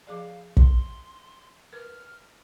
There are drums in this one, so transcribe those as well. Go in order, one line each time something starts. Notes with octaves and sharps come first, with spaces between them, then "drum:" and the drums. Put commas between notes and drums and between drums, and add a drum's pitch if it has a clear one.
F3 G#4 D5 F5
C6, drum: kick
A#4 B4 F6